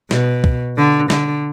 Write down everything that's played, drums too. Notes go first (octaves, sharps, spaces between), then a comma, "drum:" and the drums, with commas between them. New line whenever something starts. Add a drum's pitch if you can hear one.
B2, drum: snare
drum: kick
D3
D3, drum: snare